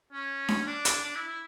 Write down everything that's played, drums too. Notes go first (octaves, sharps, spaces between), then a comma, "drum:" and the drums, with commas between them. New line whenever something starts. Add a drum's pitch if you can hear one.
C#4
drum: snare D4
D4
drum: hi-hat
D4
E4
E4